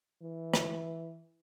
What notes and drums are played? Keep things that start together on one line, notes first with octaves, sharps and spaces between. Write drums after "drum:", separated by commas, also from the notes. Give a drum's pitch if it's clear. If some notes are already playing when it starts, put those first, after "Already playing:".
E3
drum: rim click